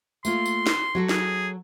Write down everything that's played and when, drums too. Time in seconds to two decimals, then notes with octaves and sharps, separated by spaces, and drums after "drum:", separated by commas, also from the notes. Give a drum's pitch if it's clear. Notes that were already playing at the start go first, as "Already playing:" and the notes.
0.25 A3 A#3 F4 C6, drum: tambourine
0.46 drum: tambourine
0.67 drum: snare
0.95 F#3 F#4 A4
1.09 G#4, drum: snare